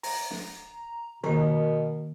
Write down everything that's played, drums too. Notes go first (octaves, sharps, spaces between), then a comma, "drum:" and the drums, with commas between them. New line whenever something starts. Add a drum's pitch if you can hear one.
A#5, drum: open hi-hat
drum: snare
B2 D#3 A#3 A#4 D#5, drum: tom